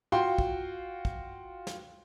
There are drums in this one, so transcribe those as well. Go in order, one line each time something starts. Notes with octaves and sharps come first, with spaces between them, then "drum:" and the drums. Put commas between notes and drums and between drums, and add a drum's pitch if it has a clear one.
F4 F#4 G5 C6
drum: kick
drum: kick
drum: snare